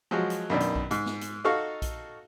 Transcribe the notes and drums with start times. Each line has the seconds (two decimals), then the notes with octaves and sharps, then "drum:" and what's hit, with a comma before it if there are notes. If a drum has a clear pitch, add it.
0.11 F3 F#3 G#3 F#4
0.30 drum: hi-hat
0.50 F#2 B2 D#3 D4
0.60 drum: hi-hat
0.76 drum: kick A#1
0.91 G#2, drum: hi-hat
1.06 drum: snare
1.21 drum: hi-hat
1.44 D#4 F#4 A4 F5 C#6
1.82 drum: kick A#1, hi-hat